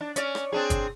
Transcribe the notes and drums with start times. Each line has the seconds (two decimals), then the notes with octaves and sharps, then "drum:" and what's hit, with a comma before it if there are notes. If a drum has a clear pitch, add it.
0.01 D4
0.16 C#4 D5, drum: hi-hat
0.35 drum: rim click
0.52 C4 D4 G#4
0.70 drum: kick, hi-hat